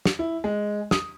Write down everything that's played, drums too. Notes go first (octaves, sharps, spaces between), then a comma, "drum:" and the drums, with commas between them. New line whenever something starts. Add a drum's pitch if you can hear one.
drum: snare
E4
G#3
D#6, drum: snare